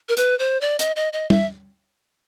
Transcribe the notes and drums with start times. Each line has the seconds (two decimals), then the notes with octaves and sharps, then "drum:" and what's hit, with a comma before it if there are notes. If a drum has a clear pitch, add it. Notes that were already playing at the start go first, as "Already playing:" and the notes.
0.09 A#4
0.17 B4, drum: hi-hat
0.39 C5
0.61 D5
0.79 D#5, drum: hi-hat
0.96 D#5
1.13 D#5
1.30 E5, drum: tom